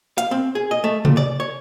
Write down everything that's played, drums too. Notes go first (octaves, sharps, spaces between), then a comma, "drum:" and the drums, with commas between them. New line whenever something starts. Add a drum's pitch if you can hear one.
F5, drum: hi-hat
C4
G#4
D#5
A3
A#2, drum: tom C3
D5
C#5